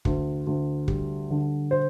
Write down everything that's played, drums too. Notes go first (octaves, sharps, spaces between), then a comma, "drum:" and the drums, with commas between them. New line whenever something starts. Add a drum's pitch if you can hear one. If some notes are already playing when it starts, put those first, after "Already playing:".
D2, drum: kick
D2
G3, drum: kick
D3
C5